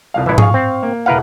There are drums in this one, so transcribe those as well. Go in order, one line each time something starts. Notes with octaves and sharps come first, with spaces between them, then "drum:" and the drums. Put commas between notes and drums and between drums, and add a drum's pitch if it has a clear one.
C2 F2 F5
A1 E3 A3 E4 E5
G#4 F5 C#6, drum: tom G#2
C4
A#3
E1 E4 A#4 B4 F5 F#5